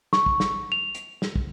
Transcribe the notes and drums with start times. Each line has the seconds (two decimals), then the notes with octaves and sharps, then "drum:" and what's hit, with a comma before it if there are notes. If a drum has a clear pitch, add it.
0.13 C#6, drum: snare
0.26 drum: kick
0.40 drum: snare
0.72 F7
0.95 drum: hi-hat
1.22 drum: snare
1.36 drum: kick